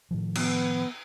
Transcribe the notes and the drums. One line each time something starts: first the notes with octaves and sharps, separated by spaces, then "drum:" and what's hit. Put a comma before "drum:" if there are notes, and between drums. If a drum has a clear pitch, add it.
A2 D#3 F3
B3, drum: cymbal